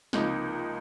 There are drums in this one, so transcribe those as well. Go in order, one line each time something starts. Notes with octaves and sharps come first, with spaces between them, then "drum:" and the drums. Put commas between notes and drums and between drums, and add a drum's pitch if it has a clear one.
C#2 C3 F3 A#3 D#4, drum: snare